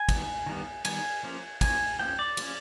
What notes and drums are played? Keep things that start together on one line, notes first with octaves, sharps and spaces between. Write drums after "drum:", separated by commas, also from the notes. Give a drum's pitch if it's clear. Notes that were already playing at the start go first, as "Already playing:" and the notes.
Already playing: G#5
D#3 G3 B3, drum: kick, cymbal
D#3 G3 B3
D#3 G3 B3 G#5, drum: cymbal
F3 A#3 C#4
F3 A#3 C#4 G#5, drum: kick, cymbal
F3 A#3 C#4 G5
D5
F3 A#3 C#4, drum: cymbal